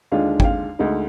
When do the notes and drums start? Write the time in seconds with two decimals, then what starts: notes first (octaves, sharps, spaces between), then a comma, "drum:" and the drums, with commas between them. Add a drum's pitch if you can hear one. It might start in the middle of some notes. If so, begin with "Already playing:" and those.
0.12 D#2 D3 G#3 D4 F4 F5
0.40 G5, drum: kick G#1
0.44 F5
0.79 D2 D3 G#3 D#4